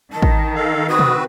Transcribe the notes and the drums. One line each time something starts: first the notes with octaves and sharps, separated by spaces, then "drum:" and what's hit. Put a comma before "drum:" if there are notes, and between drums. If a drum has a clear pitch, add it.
D#3 A5
drum: kick A1
A4 F5
C4 F#4 B4 D#6
drum: tom B2